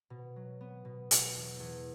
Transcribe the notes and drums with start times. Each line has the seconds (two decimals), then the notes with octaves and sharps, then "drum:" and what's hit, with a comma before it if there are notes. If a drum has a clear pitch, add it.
0.10 B2
0.36 F#3
0.61 B3
0.85 B2
1.11 B2, drum: hi-hat
1.35 E2
1.60 E2